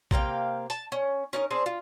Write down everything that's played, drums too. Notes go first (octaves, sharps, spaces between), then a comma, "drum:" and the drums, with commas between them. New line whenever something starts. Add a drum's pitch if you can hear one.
C3 A#3 F5 G5, drum: kick A#1
A5, drum: hi-hat
C#4
C#4 D#4 A#4
C4 D4 G#4
F4